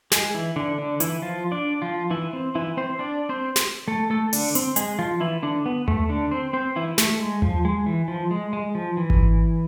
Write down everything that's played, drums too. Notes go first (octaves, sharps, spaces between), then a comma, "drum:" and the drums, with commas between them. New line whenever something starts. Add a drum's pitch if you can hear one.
G#3 G#4, drum: snare
E3 E4
D3 D4
D3 D4
E3 E4, drum: hi-hat
F3 F4
D4 D5
F3 F4
E3 E4
C4
E3 E4
C4 C5
D4 D5
C4 C5
drum: snare
A3 A4
A3 A4
D3 D4, drum: open hi-hat
C4, drum: hi-hat
G#3 G#4, drum: hi-hat
F3 F4
E3 E4
D3 D4
B3
A3, drum: tom D#2
D3 D4
C4 C5
C4 C5
E3 E4
A3, drum: snare
G#3
F3, drum: tom D#2
G#3
E3
F3
G#3
G#3
F3
E3
drum: kick G#1